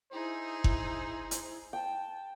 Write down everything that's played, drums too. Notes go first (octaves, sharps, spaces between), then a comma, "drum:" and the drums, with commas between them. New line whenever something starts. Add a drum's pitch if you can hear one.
D#4 E4 G#4 C5
drum: kick F#1
drum: hi-hat
G5 A5